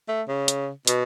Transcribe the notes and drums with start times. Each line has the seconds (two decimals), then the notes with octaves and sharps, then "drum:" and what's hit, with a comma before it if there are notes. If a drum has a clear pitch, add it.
0.09 A3
0.28 C#3
0.48 drum: hi-hat
0.87 B2, drum: hi-hat